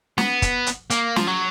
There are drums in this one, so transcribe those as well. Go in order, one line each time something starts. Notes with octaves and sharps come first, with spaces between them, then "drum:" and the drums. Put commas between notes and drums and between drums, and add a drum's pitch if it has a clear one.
B3, drum: snare
drum: kick, hi-hat
drum: hi-hat
A#3, drum: hi-hat
F3, drum: snare
F#3